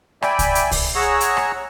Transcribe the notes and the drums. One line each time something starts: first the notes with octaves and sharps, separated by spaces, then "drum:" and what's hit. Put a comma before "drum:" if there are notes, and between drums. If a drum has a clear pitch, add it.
D5 E5 G5 G#5 B5, drum: rim click
drum: kick C2, hi-hat
drum: hi-hat
drum: kick C2, open hi-hat
G#4 C#5 F#5 A#5 C#6 E6
drum: hi-hat
drum: rim click